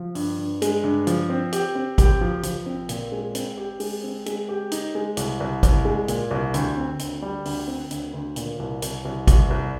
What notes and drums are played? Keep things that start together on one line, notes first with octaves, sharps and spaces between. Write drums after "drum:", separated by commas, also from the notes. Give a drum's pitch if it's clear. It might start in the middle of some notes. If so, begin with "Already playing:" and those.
Already playing: F3
G2, drum: open hi-hat
G2
G#3, drum: hi-hat
G2
F3, drum: hi-hat
C4
G4, drum: hi-hat
C4
G4, drum: kick G1, hi-hat
F3
F3, drum: hi-hat
C4
A#2, drum: hi-hat
G#3
C4, drum: hi-hat
G4
G#3, drum: open hi-hat
C4
G#3, drum: hi-hat
G4
D#4, drum: hi-hat
G#3
C2, drum: hi-hat
C2
C2, drum: kick G1, hi-hat
G#3
A#2, drum: hi-hat
C2
D2, drum: hi-hat
C4
D2, drum: hi-hat
G3
D2, drum: open hi-hat
C4
D2, drum: hi-hat
D2
A#2, drum: hi-hat
C2
C2, drum: hi-hat
C2
C2, drum: kick G1, hi-hat
C2